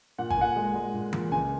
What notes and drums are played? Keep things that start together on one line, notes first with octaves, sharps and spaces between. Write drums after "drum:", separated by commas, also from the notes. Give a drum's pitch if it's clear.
A#2 F#5
G#5, drum: kick G#1
A#2 F#5
G#3
G#3
A#2
A#2, drum: tom E3
C#2 G#5